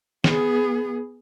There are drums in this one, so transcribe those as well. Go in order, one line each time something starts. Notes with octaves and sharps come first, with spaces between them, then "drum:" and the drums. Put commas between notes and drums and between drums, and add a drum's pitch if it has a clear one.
B3 G#4, drum: snare